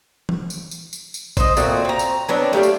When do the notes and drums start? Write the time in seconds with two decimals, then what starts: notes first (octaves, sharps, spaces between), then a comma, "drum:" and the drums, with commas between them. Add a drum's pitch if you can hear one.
0.29 drum: tom E3
0.50 drum: tambourine
0.71 drum: tambourine
0.93 drum: tambourine
1.14 drum: tambourine
1.37 C5 D#5, drum: kick, tambourine
1.57 A#2 A3 C4 F#4, drum: tambourine
1.85 C4 A#5
1.99 drum: tambourine
2.29 F#3 B3 C4 D4
2.53 A3 G4 D5 F5
2.63 drum: tambourine